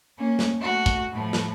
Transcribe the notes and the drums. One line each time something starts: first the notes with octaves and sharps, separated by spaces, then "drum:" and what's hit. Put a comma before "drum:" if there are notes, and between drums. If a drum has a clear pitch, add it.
A#3 C#4
drum: snare
A3 F#4
drum: kick
A2 F3
drum: snare